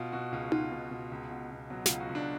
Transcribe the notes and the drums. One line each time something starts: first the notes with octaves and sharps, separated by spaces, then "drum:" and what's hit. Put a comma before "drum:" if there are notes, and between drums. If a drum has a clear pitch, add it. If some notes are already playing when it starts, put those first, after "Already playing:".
Already playing: B2 F4
B2 F#4
C#2 F4
B2 F4, drum: tom D#4
B2
B2
C#2
B2
B2
B2 F#3
C#2 F4, drum: snare
F#4
C#2
D4